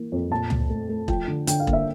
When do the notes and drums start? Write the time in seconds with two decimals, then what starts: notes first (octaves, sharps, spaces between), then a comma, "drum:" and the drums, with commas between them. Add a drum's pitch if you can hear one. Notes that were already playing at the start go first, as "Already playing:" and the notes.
Already playing: E3 A#3
0.12 F2
0.30 A#2 A5
0.50 A#2, drum: tom C#2
0.69 A3
0.89 A3
1.08 F3 G5, drum: kick E1
1.28 D3
1.47 D3 G5, drum: hi-hat
1.60 F5
1.67 A#3, drum: kick E1
1.73 E5